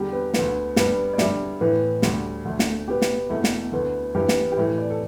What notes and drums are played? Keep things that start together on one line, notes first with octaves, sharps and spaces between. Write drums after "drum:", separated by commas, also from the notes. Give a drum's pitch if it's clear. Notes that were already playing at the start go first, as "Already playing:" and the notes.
Already playing: E2 D3 G3 G4
B4
D2 D3 B3, drum: snare
G2 G3 B3, drum: snare
D5
G2 D3 G3 E5, drum: snare
A2 E3 B3
D2 D3 G3, drum: snare
D2 D3 A3
drum: snare
B2 B3 G4
drum: snare
E2 B2 A3 E4
drum: snare
D2 D3 B3
G2 E3 B3 G4
drum: snare
G4
A2 E3 A3 E4
D5
A4